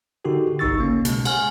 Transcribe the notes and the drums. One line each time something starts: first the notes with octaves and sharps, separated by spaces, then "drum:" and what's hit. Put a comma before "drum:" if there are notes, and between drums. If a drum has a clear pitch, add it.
D3 D#4 F#4 G4 A4 A#4
G1 C2 D#4 C#6 E6 A6
C#3 A#3 C#4
B2 G#3, drum: hi-hat
F#5 G#5 F6, drum: cymbal